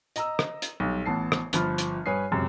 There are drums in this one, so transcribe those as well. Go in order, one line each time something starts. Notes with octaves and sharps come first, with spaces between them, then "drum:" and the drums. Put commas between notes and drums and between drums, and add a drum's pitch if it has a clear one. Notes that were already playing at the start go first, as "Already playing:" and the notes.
D#5 A#5 E6, drum: hi-hat
drum: rim click
drum: hi-hat
B1 G3
A1 B3 A5 C7
drum: rim click
G1 F3 B5 F6, drum: hi-hat
drum: hi-hat
G2 B4 C#5 G#5 D#6 C7
C#2 F#2 C3